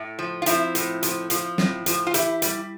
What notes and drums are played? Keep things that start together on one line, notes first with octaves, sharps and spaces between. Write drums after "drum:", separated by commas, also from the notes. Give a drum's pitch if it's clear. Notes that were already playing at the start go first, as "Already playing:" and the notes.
Already playing: A2
F3
F4
F3 C4 E4, drum: hi-hat
A2, drum: hi-hat
F3, drum: hi-hat
F3, drum: hi-hat
A2, drum: snare
F3, drum: hi-hat
F4
E3 E4 G4, drum: hi-hat
G3, drum: hi-hat